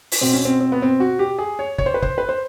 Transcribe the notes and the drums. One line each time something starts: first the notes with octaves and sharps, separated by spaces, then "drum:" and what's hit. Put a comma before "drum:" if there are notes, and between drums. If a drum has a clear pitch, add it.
drum: open hi-hat
B2 C4
C#4
C4
C4
B3
C4
F#4
G4
G#4
C#5
C#5, drum: kick
C5
B4
C5, drum: kick
B4
C5